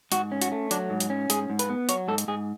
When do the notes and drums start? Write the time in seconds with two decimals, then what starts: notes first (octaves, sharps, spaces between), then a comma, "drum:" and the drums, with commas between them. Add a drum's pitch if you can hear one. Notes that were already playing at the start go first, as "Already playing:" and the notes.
0.12 G#2 F#4, drum: hi-hat
0.32 C#4
0.42 F#4, drum: hi-hat
0.52 A3
0.71 F#3 D4, drum: hi-hat
0.90 G#2
1.00 drum: hi-hat
1.10 C#4
1.30 G#2 G#4, drum: hi-hat
1.50 G#2
1.59 B4, drum: hi-hat
1.70 B3
1.89 F#3 C#5, drum: hi-hat
2.08 G#2 A4
2.18 drum: hi-hat
2.28 G#2 G#4